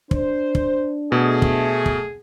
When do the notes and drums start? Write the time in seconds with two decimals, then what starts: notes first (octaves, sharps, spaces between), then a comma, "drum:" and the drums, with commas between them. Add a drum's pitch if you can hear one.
0.11 D4 C5, drum: kick
0.55 drum: kick
1.12 B2 A3 G#4
1.42 drum: kick
1.86 drum: kick